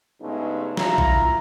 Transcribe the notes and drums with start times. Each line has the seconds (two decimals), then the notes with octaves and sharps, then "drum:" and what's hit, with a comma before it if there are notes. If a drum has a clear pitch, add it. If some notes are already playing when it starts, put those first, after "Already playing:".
0.21 G2 C#3 G#3 A3 B3 D#4
0.77 E4 F4 A#5, drum: snare
0.98 drum: kick